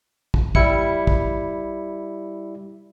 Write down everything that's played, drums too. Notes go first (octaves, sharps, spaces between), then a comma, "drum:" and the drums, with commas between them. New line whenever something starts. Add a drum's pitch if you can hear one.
drum: kick
G3 E4 C#7, drum: kick
drum: kick